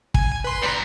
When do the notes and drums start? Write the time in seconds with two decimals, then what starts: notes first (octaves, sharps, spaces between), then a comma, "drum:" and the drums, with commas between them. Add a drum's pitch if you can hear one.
0.14 G#5, drum: kick
0.44 B4 C6
0.63 G3 A#5